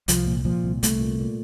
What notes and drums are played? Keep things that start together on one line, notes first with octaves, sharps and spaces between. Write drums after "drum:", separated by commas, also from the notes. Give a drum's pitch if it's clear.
C2 F3, drum: hi-hat
A#2
A#2 F3
C2
C2 A3, drum: hi-hat
A#2
A#2